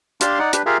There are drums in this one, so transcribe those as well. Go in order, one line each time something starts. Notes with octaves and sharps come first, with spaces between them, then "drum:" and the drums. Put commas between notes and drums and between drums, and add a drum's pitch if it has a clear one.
D4 G4 F5 A5 C6, drum: hi-hat
D#4 D5 F#5
D4 G4 B4, drum: hi-hat
F4 G4 G#4 A#4 E5 F5